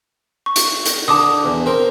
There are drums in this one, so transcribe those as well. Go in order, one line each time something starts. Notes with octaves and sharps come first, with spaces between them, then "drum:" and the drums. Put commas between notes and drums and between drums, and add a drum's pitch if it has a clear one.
C#6
drum: hi-hat
drum: hi-hat
D3 A5 D6 D#6
E2
C4 A#4